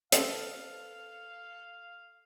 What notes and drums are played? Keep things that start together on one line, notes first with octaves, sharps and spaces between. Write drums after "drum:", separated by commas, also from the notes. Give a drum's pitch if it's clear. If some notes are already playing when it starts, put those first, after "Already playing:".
A4 B4 C5 F5 C6, drum: hi-hat